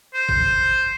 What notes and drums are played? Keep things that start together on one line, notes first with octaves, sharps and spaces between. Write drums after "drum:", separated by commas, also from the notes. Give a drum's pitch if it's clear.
C5
drum: kick